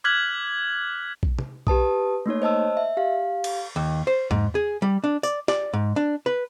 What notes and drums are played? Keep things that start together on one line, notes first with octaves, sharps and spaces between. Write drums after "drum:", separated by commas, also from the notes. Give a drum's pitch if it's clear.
D6 F6 F#6 G#6 B6 F#7
drum: kick A#1
drum: tom
G4 B4 A5 D#6, drum: kick A#1
A3 A#3 D#4 C#5
C5 D#5 A5 E6
E5
G4 F5
drum: cymbal
D#2
C5
G#2, drum: tom E2
G#4
G3
D4
D5, drum: tambourine
D5, drum: snare
G#2
D4
B4